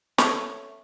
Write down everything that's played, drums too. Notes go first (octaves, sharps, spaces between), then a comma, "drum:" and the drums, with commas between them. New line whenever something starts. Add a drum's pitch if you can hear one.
A3 C#4, drum: snare